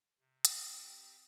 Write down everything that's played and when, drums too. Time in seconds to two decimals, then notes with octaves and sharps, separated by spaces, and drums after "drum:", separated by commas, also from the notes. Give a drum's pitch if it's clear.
0.20 C3
0.45 drum: hi-hat
0.63 C4 G4 F5 G5 A#5